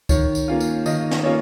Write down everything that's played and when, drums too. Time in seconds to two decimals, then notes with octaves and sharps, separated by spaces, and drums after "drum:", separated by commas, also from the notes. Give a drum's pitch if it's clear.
0.09 D#3 C#5, drum: kick C#2, tambourine
0.35 drum: tambourine
0.48 A#3 C#4 F4
0.60 drum: tambourine
0.86 D#3 D#5, drum: tambourine
1.11 drum: snare
1.24 A#3 C#4 F4 C#5